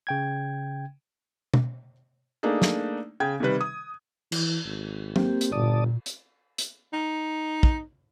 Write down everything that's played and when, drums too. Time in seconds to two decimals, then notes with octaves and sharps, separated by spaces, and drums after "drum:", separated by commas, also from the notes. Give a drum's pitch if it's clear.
0.07 C#3 G5 G#6
1.54 drum: tom B2
2.43 A3 A#3 D4 D#4 G#4
2.62 drum: snare
3.20 C#3 G5 G#6
3.40 C3 D#3 G3 B4
3.61 D#6
4.32 E3, drum: cymbal
4.66 G#1
5.16 A#3 C4 G4, drum: tom
5.41 drum: hi-hat
5.52 G1 A#2 D5 A5 D#6
6.06 drum: hi-hat
6.58 drum: hi-hat
6.93 D#4
7.63 drum: kick